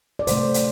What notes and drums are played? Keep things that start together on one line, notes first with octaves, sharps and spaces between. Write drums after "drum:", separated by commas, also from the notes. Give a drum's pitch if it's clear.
D5
C3 F3 A3 C5, drum: hi-hat
drum: hi-hat